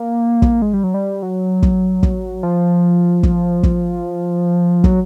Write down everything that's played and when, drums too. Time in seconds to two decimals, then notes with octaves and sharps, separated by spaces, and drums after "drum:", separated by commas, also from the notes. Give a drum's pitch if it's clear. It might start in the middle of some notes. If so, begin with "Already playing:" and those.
Already playing: A#3
0.42 drum: kick
0.62 G#3
0.73 G3
0.84 F#3
0.94 G3
1.22 F#3
1.63 drum: kick
2.03 drum: kick
2.43 F3
3.23 drum: kick
3.63 drum: kick
4.84 F#3, drum: kick